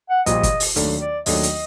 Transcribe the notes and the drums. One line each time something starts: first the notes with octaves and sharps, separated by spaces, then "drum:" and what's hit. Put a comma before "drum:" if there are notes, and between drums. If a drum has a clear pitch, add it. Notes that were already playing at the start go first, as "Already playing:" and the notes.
F#5
A#1 A#2 G3 D#5, drum: hi-hat
drum: kick, hi-hat
drum: open hi-hat
D#2 D#3 F#3 A3 D4, drum: hi-hat
D5
D#2 D#3 F#3 A3 D4 D#5, drum: open hi-hat
drum: hi-hat